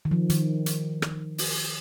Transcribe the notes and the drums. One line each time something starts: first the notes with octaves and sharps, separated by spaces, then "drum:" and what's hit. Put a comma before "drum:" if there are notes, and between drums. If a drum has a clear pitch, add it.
D#3
F3
D#3, drum: hi-hat
drum: hi-hat
drum: rim click
drum: open hi-hat